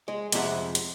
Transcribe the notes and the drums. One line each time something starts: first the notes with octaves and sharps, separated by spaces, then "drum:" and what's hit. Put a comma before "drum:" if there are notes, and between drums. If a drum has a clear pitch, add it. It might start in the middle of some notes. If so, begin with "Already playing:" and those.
G#3
F2 C3 G#3 G4 E5 F#5, drum: hi-hat
drum: hi-hat